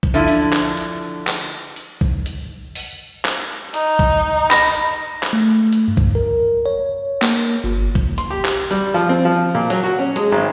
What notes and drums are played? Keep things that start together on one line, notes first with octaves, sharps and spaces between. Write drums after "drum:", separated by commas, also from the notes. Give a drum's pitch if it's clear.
drum: kick
D3 F3 E4
drum: hi-hat
drum: clap
drum: hi-hat
drum: clap
drum: hi-hat
drum: kick
drum: hi-hat
drum: open hi-hat
drum: clap
D#4, drum: hi-hat
drum: kick
B5 A#6, drum: clap
drum: hi-hat
drum: clap
A3
drum: hi-hat
G2
drum: kick
A#4
C#5
A#3, drum: clap
G1
drum: kick
C6, drum: hi-hat
G4
drum: clap
G3, drum: hi-hat
F3
C4
F3
A#2
F#3, drum: hi-hat
F#4
C#4
G#3, drum: hi-hat
G#1